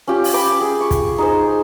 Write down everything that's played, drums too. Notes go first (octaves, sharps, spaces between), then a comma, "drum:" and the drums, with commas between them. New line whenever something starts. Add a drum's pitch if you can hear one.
C#4 F4 G4 G5
drum: open hi-hat
G5 G#5 B5 D6
G#4
C#6
drum: kick, hi-hat
D#4 G#4 C5